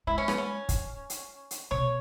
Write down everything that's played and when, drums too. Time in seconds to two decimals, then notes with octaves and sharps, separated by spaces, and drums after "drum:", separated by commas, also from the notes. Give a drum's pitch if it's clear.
0.07 G#3 E4
0.18 C#4
0.28 B3, drum: rim click
0.38 C#4
0.69 drum: kick, hi-hat
1.10 drum: hi-hat
1.51 drum: hi-hat
1.71 B2 C#5